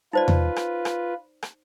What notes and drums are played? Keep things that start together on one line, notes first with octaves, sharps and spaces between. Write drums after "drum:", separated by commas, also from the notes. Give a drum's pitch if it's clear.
D#4 F4 B4 C5 D5
drum: tom E2
drum: rim click
drum: rim click
drum: rim click